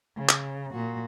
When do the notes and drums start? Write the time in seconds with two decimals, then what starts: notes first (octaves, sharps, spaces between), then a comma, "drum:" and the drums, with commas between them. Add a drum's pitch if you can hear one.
0.16 C#3
0.29 drum: clap
0.71 A#2 F#4